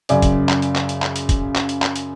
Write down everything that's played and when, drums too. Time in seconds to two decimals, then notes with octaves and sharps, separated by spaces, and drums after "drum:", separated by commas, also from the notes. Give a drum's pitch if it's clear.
0.09 F#2 C#3 D5 G#5, drum: hi-hat
0.22 drum: kick, hi-hat
0.49 drum: clap
0.62 drum: hi-hat
0.76 drum: clap
0.89 drum: hi-hat
1.02 drum: clap
1.16 drum: hi-hat
1.29 drum: kick, hi-hat
1.56 drum: clap
1.69 drum: hi-hat
1.82 drum: clap
1.96 drum: hi-hat